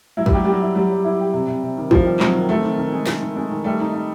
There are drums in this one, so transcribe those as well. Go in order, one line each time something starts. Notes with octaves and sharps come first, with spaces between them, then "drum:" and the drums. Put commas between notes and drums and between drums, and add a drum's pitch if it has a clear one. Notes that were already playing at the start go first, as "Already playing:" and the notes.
F#3 E4
G3, drum: kick
F#3 G4
G3 G4
F#3
E4
F#3 G3
F#3
E4
G4
C3
C3
C3
D#3
D#3 F3, drum: kick
G3
C3 F#3, drum: clap
D#3
A3 C4
D#3
D#3
G#3
D#3, drum: snare
D#3
G#3
D#3
G3 A3
D#4
D#4